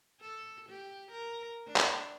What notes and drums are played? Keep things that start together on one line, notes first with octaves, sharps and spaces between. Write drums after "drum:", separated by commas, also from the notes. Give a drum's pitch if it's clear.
A4
G4
A#4
D4
drum: clap